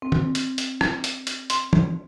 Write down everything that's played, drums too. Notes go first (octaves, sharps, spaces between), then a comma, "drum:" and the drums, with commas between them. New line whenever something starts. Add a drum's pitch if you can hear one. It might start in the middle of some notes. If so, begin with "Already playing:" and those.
C4
drum: tom
drum: hi-hat
drum: hi-hat
drum: rim click
drum: hi-hat
drum: hi-hat
C6, drum: hi-hat
drum: tom